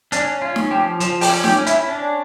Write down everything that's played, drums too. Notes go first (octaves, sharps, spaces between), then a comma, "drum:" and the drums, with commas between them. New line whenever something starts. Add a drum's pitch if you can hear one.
C#4 D4, drum: hi-hat
C#4 F4
drum: snare
F3 G4
F3, drum: hi-hat
G4, drum: open hi-hat
C#4
G4, drum: snare
C#4
E4, drum: hi-hat
C#4 D4